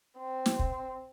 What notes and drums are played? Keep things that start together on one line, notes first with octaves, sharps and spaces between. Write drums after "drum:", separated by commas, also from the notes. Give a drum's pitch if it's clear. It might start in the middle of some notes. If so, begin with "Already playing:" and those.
C4
drum: snare
drum: kick